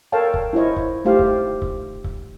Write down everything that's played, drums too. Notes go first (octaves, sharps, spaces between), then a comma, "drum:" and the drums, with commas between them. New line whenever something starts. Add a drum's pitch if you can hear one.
A4 A#4 C#5 F5 G5 A5
drum: kick C#1
E4 F4 C5 C#5 D#5
drum: kick C#1
A3 D#4 F4 G4 C5 F5
drum: kick C#1
drum: kick C#1
drum: kick C#1